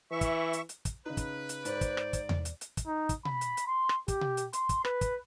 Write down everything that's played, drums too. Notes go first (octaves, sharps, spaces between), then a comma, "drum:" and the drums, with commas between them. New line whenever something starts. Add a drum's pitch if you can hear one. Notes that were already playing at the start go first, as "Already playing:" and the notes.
E3 E5 C#6
drum: kick, hi-hat
drum: hi-hat
drum: hi-hat
drum: kick, hi-hat
C#3 D#4 B4
drum: kick, hi-hat
drum: hi-hat
G#2 C5 D5, drum: hi-hat
drum: kick, hi-hat
drum: rim click
drum: kick, hi-hat
drum: tom E2
drum: hi-hat
drum: hi-hat
drum: kick, hi-hat
D#4
drum: kick, hi-hat
B5, drum: tom B2
drum: hi-hat
drum: hi-hat
C6
drum: rim click
G4, drum: kick, hi-hat
drum: tom B2
drum: hi-hat
C6, drum: hi-hat
drum: kick, hi-hat
B4, drum: rim click
drum: kick, hi-hat